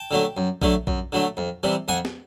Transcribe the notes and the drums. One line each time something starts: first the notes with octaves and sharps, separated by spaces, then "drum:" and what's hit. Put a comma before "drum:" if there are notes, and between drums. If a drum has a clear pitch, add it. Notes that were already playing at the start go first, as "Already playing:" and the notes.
Already playing: G5 A5
D3 F#3 A3
F#2
D3 F#3 A3, drum: kick A#1
F#2, drum: kick A#1
D3 F#3 A3
F2
C3 E3 G3
F2 F#5 G#5
drum: snare